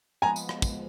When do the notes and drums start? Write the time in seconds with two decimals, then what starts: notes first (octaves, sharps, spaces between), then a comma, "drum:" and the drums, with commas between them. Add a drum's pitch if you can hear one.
0.22 F3 G#3 B3 G#5 A#5
0.36 drum: tambourine
0.49 drum: rim click
0.62 drum: kick, tambourine